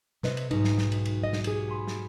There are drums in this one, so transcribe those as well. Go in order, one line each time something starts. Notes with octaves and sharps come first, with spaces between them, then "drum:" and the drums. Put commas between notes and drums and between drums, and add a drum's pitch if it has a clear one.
C3 B4 D#5, drum: snare
drum: cymbal
B1 G#2 D#4, drum: cymbal
drum: snare
drum: snare
drum: cymbal
drum: cymbal
D#5
drum: snare
G4 G#4, drum: cymbal
G#5 B5 C6
drum: snare